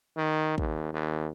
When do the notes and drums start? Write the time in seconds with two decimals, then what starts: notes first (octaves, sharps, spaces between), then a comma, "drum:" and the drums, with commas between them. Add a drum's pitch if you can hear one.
0.17 D#3
0.58 D#2, drum: kick
0.93 D#2